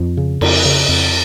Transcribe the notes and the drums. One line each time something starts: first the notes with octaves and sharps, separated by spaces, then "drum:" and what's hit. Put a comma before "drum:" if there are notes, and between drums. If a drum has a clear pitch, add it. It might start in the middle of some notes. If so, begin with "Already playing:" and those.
Already playing: F2
C#3
F2, drum: cymbal
C#3
F2